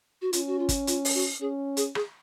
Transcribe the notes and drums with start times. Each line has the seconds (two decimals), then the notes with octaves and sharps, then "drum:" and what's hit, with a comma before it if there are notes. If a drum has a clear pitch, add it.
0.22 F#4
0.33 C#4 F4, drum: hi-hat
0.47 F#4
0.59 F4
0.69 drum: kick, hi-hat
0.87 F4, drum: hi-hat
1.05 drum: open hi-hat
1.14 F#4
1.41 C#4 G#4
1.77 G#4, drum: hi-hat
1.95 G#4, drum: rim click